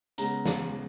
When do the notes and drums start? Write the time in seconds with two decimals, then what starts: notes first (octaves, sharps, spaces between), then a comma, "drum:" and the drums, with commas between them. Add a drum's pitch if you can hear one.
0.18 C#3 G#3 B3 A#5, drum: hi-hat
0.46 drum: snare